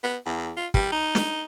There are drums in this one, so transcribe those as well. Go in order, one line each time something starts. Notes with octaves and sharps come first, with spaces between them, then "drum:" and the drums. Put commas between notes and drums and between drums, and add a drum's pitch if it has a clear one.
B3
E2
F4
G3, drum: kick
D#4
drum: snare